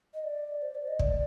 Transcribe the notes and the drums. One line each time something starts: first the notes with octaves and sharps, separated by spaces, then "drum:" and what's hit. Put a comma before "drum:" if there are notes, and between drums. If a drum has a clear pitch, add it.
D#5
D5
C5
D5
D#5
D5, drum: kick